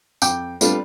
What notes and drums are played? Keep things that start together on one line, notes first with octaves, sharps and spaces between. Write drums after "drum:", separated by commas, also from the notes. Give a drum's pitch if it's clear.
F2 G5 D6, drum: tambourine
G3 A3 B3 C4 D4 F4, drum: tambourine